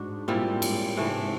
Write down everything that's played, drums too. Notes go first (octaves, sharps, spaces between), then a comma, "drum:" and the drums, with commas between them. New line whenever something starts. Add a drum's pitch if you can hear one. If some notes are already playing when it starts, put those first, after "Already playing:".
Already playing: G#2 D4 F#4
A#2 G3 C4 E4
G#2, drum: cymbal
G#2 C3 E3 A3